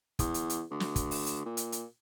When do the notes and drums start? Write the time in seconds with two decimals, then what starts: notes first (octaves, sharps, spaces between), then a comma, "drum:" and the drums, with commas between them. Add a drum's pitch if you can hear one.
0.19 E2, drum: kick, hi-hat
0.34 drum: hi-hat
0.50 drum: hi-hat
0.70 D2
0.80 drum: snare
0.96 drum: kick, hi-hat
1.11 drum: open hi-hat
1.26 drum: hi-hat
1.45 A#2
1.57 drum: hi-hat
1.72 drum: hi-hat